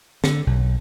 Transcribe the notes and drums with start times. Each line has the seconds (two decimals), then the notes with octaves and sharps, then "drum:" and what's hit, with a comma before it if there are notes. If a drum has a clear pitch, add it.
0.24 D3, drum: snare
0.47 B1